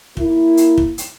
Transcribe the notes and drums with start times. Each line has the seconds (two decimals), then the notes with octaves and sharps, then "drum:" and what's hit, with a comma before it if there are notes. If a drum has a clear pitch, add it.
0.17 A#3 E4, drum: kick
0.57 drum: hi-hat
0.78 drum: kick
0.98 drum: hi-hat